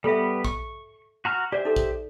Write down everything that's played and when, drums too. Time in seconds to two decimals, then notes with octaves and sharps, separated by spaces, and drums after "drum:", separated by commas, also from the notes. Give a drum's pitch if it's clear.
0.04 G3 B3 A4 B4 E5
0.45 C#6, drum: kick A#1
1.25 F#4 A#5 F6
1.52 G4 C5 D5 E5
1.65 D#4 A4
1.76 drum: kick A#1